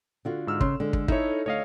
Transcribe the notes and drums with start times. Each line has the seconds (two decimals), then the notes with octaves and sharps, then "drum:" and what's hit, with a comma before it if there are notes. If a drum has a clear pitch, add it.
0.25 D3 F4 F#4
0.47 G#2 E6 F6
0.61 C#3 C6, drum: kick
0.80 D3 G#3
0.93 drum: kick
1.08 D#4 E4 A4 C#5 E5, drum: kick
1.46 D2 C#5 D#5 F5